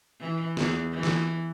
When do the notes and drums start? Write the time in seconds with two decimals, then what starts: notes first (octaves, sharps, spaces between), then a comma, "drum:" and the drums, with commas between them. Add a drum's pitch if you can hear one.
0.20 E3
0.57 E2, drum: snare
0.92 E3
1.03 drum: snare